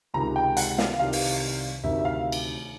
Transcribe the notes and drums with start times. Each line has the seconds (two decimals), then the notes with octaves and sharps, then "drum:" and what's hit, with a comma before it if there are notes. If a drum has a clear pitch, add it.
0.14 C#2 C3 D#3 G#3 A#5
0.36 G5
0.57 F#5, drum: hi-hat
0.78 F5, drum: snare
0.99 C2 C3 D#3 F5
1.13 drum: open hi-hat
1.84 D2 C3 D#3 E5
1.99 E5
2.05 F5
2.32 drum: cymbal